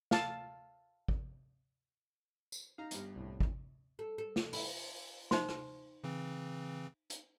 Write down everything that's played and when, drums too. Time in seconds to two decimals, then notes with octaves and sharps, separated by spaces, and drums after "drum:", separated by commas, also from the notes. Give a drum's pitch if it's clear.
0.11 F5 A5, drum: snare
1.08 drum: kick G#1
2.52 drum: tambourine
2.78 D#4 F5 A#5
2.91 G1 G2, drum: hi-hat
3.16 C2 A2
3.40 C4 C#4, drum: kick G#1
3.99 A4
4.18 A4
4.36 drum: snare
4.53 E4, drum: open hi-hat
5.31 D#4 C5 C6, drum: snare
5.49 drum: rim click
6.04 C#3 E3 C4
7.10 drum: hi-hat